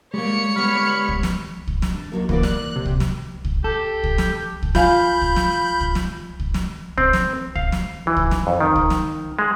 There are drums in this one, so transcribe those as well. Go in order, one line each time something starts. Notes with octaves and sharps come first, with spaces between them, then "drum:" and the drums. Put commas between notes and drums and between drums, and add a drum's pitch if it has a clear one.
G3 G#3 A#3 C#5 C#7
G3 B3 B5 F6
drum: kick C2
drum: snare
drum: kick C2
drum: snare
D4
D#3 F#3 A#3
E3 A#3 F#4 D5, drum: kick C2
F#6, drum: snare
C3
drum: kick C2
drum: snare
drum: kick C2
G4 A4
drum: kick C2
drum: snare
drum: kick C2
F4 F5 G#5 B5 G6, drum: snare
drum: kick C2
drum: snare
drum: kick C2
drum: snare
drum: kick C2
drum: snare
C4, drum: kick C2
drum: snare
F5, drum: kick C2
drum: snare
E3
drum: kick C2
drum: snare
F2
D#3
drum: kick C2
drum: snare
G#3